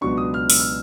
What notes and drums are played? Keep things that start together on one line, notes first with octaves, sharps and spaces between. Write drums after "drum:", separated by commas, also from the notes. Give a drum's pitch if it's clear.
C#2 B2 F#3 B3 D4 C#6
D#6
F6
E6, drum: open hi-hat
F6